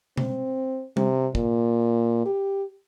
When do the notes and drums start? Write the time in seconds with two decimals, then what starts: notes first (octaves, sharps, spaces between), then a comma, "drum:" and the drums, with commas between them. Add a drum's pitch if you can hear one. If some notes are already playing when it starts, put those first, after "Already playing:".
0.17 C4, drum: tom B2
0.97 C3, drum: tom G3
1.35 A#2, drum: kick
2.25 G4